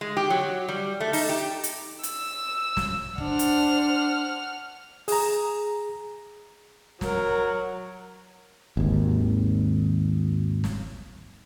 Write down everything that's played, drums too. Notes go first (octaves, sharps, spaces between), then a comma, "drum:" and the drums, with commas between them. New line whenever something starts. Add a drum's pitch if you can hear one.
G#3
G4
F#3
G3
A3
D#4, drum: open hi-hat
G4
drum: hi-hat
E6, drum: hi-hat
drum: snare
D4 C5 F#5 F6, drum: kick
drum: hi-hat
G#4 A#5, drum: open hi-hat
F#3 A#4, drum: snare
G#1 D#2
drum: snare